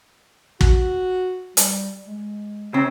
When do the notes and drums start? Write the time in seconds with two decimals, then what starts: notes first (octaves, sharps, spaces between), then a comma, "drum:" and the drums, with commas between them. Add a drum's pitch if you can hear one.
0.61 F#4, drum: kick
1.57 G3, drum: hi-hat
2.08 G#3
2.74 C#3 C4